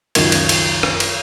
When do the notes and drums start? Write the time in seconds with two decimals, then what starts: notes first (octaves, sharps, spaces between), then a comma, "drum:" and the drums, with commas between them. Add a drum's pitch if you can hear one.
0.15 C#2 F#2 D#3 F4 A#4 G#6, drum: cymbal
0.32 drum: cymbal
0.49 drum: cymbal
0.83 drum: rim click
1.00 drum: cymbal